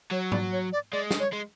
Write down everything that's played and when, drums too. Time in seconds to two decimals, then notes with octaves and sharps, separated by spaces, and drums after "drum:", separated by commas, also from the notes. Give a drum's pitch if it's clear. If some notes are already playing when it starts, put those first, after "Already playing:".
0.12 F#3 C#5
0.32 D5, drum: tom G#2
0.52 C#5
0.73 D5
0.93 G#3 D5
1.11 drum: snare
1.20 C#5
1.32 G#3